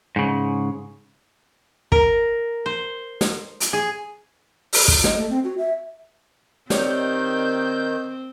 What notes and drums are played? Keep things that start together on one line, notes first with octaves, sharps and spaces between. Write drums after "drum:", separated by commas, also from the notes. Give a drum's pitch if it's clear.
G#2 C#3
A#4, drum: kick
C5
drum: snare
drum: hi-hat
G#4
drum: open hi-hat
drum: kick
D#5, drum: snare
A3
C4
F#4
E5
D#3 C4 G4 C#5 D5 G6, drum: snare